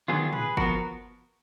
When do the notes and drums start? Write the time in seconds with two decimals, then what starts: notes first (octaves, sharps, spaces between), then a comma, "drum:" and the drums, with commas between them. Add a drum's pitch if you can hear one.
0.08 D#3 F#3 B3 F4 G#4
0.33 G#4 B4, drum: tom
0.57 F3 B3 F#4 A#4, drum: kick